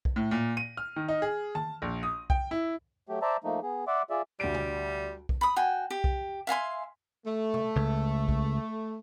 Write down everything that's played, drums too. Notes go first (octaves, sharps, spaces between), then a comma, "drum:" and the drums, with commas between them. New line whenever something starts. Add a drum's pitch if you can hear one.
drum: kick B1
A2
A#2
D#7
F6
D#3
D#4
G#4
A5, drum: tom D#3
A#1
D#6
G5, drum: kick B1
E4
F#3 A3 G4
C5 D5 E5 A5 A#5
F3 A3 A#3 D#4
B3 G#4
D5 E5 F#5 C6 D6
F4 G#4 D5 E5
D2 G3 D7
drum: tom B2
drum: kick B1
B5 D#6
F#4 G5 G#5
G4
drum: kick B1
E5 F5 G#5 C6
A3
drum: tom B2
C#2
drum: kick B1